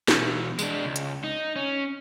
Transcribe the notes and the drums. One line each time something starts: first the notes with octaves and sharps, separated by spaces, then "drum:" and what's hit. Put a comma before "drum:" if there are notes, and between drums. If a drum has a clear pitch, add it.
B2 E3, drum: snare
G#3 D4, drum: tambourine
C#2
drum: hi-hat
D#4
C#4